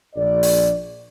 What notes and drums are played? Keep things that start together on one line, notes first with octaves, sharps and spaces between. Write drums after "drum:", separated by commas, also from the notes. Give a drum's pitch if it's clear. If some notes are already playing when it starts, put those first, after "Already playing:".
A#1 D5
drum: open hi-hat